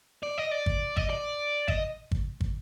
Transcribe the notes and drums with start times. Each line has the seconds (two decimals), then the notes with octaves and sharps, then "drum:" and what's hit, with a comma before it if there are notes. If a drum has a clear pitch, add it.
0.23 D5
0.38 D#5
0.51 D5
0.66 drum: kick
0.97 D#5, drum: kick
1.10 D5
1.68 D#5, drum: kick
2.11 drum: kick
2.41 drum: kick